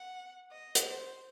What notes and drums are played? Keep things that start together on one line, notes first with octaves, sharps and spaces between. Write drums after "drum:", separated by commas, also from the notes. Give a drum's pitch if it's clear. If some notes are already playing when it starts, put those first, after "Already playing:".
Already playing: F#5
D#5
drum: hi-hat
C5